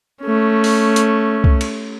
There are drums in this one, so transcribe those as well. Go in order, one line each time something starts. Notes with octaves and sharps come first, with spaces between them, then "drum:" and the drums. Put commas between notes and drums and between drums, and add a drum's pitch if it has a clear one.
A3 C#4
drum: open hi-hat
drum: hi-hat
drum: kick C2
drum: cymbal